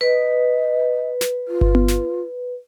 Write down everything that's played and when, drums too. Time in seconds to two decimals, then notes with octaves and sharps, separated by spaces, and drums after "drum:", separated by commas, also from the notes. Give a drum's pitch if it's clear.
0.01 B4 D#5
1.21 drum: snare
1.48 F4
1.61 drum: kick G1
1.75 drum: tom B3
1.88 drum: snare